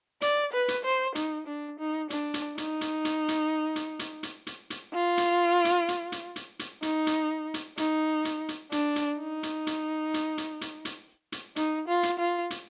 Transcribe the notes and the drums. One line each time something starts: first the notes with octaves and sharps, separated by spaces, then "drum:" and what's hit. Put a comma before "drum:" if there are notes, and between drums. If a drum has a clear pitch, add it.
D5, drum: hi-hat
B4
drum: hi-hat
C5
D#4, drum: hi-hat
D4
D#4
D4, drum: hi-hat
drum: hi-hat
D#4, drum: hi-hat
drum: hi-hat
drum: hi-hat
drum: hi-hat
drum: hi-hat
drum: hi-hat
drum: hi-hat
drum: hi-hat
drum: hi-hat
F4
drum: hi-hat
drum: hi-hat
drum: hi-hat
drum: hi-hat
drum: hi-hat
drum: hi-hat
D#4, drum: hi-hat
drum: hi-hat
drum: hi-hat
D#4, drum: hi-hat
drum: hi-hat
drum: hi-hat
D4, drum: hi-hat
drum: hi-hat
D#4
drum: hi-hat
drum: hi-hat
drum: hi-hat
drum: hi-hat
drum: hi-hat
drum: hi-hat
drum: hi-hat
D#4, drum: hi-hat
F4
drum: hi-hat
F4
drum: hi-hat